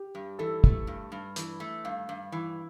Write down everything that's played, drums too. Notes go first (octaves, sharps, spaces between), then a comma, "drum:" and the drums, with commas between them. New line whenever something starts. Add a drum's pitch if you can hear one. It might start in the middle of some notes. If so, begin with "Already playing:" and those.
Already playing: G4
G2
E3 A4
A3, drum: kick
G2
G2
E3, drum: hi-hat
A3
G2 F5
G2
E3